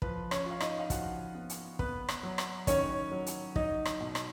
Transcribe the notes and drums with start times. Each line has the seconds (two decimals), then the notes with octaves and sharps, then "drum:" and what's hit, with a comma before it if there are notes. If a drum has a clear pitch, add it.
0.02 F3 B4, drum: kick
0.31 C#4 C#5, drum: rim click
0.46 F4 F5
0.60 D#4 D#5, drum: rim click
0.79 F5
0.90 F3 F#4 F#5, drum: kick, hi-hat
1.35 B3
1.50 drum: hi-hat
1.79 B3 B4, drum: kick
2.09 drum: rim click
2.23 F#3
2.38 drum: rim click
2.67 D#3 C#4 C#5, drum: kick, hi-hat
3.12 F#3
3.26 drum: hi-hat
3.56 F#3 D#4 D#5, drum: kick
3.85 drum: rim click
4.00 B2
4.15 drum: rim click